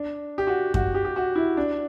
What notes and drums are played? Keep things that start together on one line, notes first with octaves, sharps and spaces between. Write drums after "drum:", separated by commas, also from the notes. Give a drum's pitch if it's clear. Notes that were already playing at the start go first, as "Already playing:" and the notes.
Already playing: D4
G4
F#4
F#4, drum: kick F#2
G4
G4
F#4
E4
D4